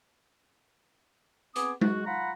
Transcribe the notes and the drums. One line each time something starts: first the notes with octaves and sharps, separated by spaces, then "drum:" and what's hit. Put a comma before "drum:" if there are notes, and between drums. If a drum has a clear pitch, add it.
B3 C4 G#4 D6 D#6, drum: hi-hat
G#3 F#4, drum: tom G#3
F4 F#5 A#5 B5